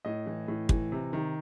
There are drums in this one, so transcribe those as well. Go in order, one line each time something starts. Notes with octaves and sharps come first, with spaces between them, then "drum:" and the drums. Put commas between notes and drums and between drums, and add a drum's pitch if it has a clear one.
A2 D#5
E3
A2
E3, drum: kick
C3
D#3